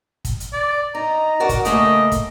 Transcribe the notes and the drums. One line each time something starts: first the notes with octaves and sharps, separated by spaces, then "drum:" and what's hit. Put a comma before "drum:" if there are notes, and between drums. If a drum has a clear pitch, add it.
drum: kick, hi-hat
drum: hi-hat
D5
D#4 A#5
F#4 A#4 D5
drum: kick, hi-hat
C#3 A3 A#3 D#5, drum: hi-hat
drum: kick, hi-hat